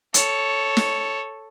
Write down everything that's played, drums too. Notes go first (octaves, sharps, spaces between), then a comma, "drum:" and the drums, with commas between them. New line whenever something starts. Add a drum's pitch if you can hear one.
A4 C#5, drum: hi-hat
drum: snare